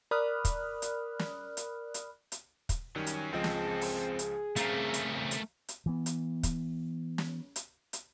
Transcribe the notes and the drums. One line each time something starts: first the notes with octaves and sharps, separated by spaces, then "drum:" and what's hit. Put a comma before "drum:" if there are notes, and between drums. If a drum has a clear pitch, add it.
A#4 D5 B5 D#6 F6 F#6
drum: kick, hi-hat
drum: hi-hat
drum: snare
drum: hi-hat
drum: hi-hat
drum: hi-hat
drum: kick, hi-hat
D#3 F#3 G3 C#4
drum: hi-hat
C#2 F3 C4 G#4 A4 D#5
drum: snare
drum: open hi-hat
drum: hi-hat
C#3 A3 C4 A#4 F5 A#5 C7, drum: hi-hat
drum: hi-hat
drum: hi-hat
drum: hi-hat
E3 B3
drum: hi-hat
drum: kick, hi-hat
drum: snare
drum: hi-hat
drum: hi-hat